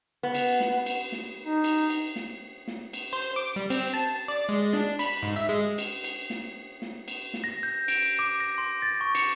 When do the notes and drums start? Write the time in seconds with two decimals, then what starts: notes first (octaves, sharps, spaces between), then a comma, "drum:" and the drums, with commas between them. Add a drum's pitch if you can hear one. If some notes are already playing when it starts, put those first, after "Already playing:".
0.23 B3
0.35 drum: cymbal
0.60 drum: snare
0.86 drum: cymbal
1.12 drum: snare
1.44 D#4
1.64 drum: cymbal
1.90 drum: cymbal
2.16 drum: snare
2.68 drum: snare
2.93 drum: cymbal
3.13 C5
3.36 D6
3.56 G3
3.70 C4, drum: cymbal
3.94 A5
4.28 D5
4.49 G#3
4.73 D4, drum: snare
4.99 B5, drum: cymbal
5.23 G#2
5.36 E5
5.49 G#3
5.78 drum: cymbal
6.04 drum: cymbal
6.30 drum: snare
6.82 drum: snare
7.08 drum: cymbal
7.34 drum: snare
7.44 A#6
7.63 G6
7.88 D7, drum: cymbal
8.19 D6
8.40 A#6
8.58 C6
8.82 A6
9.01 C#6
9.15 C#7, drum: cymbal